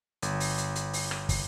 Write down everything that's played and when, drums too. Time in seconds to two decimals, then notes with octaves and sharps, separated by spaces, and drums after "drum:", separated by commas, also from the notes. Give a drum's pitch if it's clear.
0.22 G1, drum: hi-hat
0.40 drum: open hi-hat
0.58 drum: hi-hat
0.76 drum: hi-hat
0.93 drum: open hi-hat
1.11 drum: rim click
1.29 drum: kick, open hi-hat